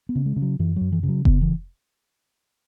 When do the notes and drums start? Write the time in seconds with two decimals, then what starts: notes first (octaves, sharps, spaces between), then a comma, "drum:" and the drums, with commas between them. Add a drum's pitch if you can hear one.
0.09 B3
0.15 C#3
0.26 G#3
0.36 C#3
0.42 F#3
0.59 F#2 E3
0.76 F#2 F#3
0.92 E3
1.03 C#3
1.08 F#3
1.25 C#3 B3, drum: kick F1
1.42 E3